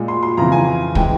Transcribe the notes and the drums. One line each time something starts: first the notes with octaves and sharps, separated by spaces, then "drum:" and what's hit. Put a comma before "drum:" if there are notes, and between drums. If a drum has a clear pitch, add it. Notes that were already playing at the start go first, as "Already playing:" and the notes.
Already playing: A#2 G#3
C6
C6
F2 C#3 E3 A#5
G#5
E3 G#3 G5, drum: kick